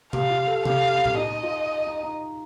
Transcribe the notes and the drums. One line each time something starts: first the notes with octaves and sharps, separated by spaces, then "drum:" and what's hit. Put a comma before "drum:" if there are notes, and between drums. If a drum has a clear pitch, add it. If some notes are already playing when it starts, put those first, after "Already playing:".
G4 F5, drum: tom C3
F4
A4
G4 F5, drum: tom C3
drum: tom A2
D#4 D#5
F4
D#4
D#4